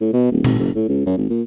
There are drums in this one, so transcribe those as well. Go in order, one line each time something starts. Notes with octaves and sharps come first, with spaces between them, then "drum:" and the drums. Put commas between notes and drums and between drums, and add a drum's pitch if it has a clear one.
A2
B2
D1
G#1, drum: tom A#2
F#1
A2
C#2
F#2
G#1
A#2